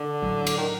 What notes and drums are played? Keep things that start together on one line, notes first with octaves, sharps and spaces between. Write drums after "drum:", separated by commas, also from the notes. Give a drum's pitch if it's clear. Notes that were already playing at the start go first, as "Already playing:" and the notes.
Already playing: D3
A1 A2 F#3
drum: cymbal
D#3